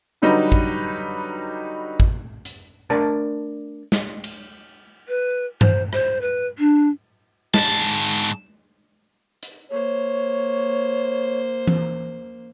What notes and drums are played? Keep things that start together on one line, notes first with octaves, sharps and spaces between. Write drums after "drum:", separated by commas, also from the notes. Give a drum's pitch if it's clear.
D3 F#3 G3 D#4 F#4 B4
drum: kick
drum: kick
drum: hi-hat
A3 D4 A#4 D5 A5
drum: snare
drum: cymbal
B4
C5, drum: tom G2
C5, drum: rim click
B4
D4
G#2 A5, drum: snare
drum: hi-hat
A#3 C5 C#5
drum: tom E3